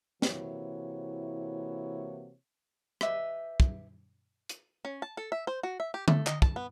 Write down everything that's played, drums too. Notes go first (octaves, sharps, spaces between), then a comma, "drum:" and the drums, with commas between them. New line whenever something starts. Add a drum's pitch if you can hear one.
C3 E3 A#3 E4 F#4 C#5, drum: snare
G4 B4 D#5 E5, drum: rim click
drum: kick
drum: hi-hat
C#4
A5
A4
E5
C5
F#4
E5
G4
A3, drum: tom D3
D#5, drum: clap
A5, drum: kick
B3